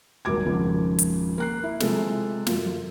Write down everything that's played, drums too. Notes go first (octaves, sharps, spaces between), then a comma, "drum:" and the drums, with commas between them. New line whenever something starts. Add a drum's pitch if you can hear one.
D#1 G#1 F#3 D6 G#6
G#1 F2 C#3 F3
drum: hi-hat
A#3 F#6 C7
E4
C3 G#3 F4 A4, drum: snare
F#2 F4, drum: snare